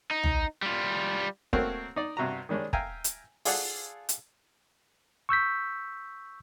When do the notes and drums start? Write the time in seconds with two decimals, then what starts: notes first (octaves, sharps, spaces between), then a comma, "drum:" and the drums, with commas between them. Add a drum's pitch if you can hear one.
0.11 D#4
0.23 drum: tom
0.62 G3 F4
1.53 A3 A#3 C4 F#4 A#4 C#5, drum: kick
1.96 D#4 D5
2.17 G2 C3 F#4 A#5
2.49 D#3 G3 G#3 C#4 D4
2.73 E5 F5 G5 G#5 A#5, drum: kick
3.04 drum: hi-hat
3.45 F4 G#4 A4 D5 F#5, drum: open hi-hat
4.09 drum: hi-hat
5.29 C#6 E6 G6 B6